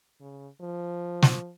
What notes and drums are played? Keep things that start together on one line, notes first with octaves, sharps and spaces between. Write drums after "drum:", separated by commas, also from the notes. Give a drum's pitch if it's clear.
C#3
F3
drum: snare